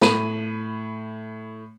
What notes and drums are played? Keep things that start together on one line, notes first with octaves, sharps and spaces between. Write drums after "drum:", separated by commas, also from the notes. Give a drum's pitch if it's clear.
A2 B5 D#7, drum: snare